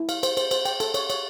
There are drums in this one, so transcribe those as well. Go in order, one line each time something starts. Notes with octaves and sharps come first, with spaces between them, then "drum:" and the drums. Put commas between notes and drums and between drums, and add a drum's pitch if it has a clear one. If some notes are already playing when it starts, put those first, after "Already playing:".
Already playing: E4
F5, drum: cymbal
C5, drum: cymbal
C5, drum: cymbal
C5, drum: cymbal
G5, drum: cymbal
A4, drum: cymbal
C#5, drum: cymbal
C#5, drum: cymbal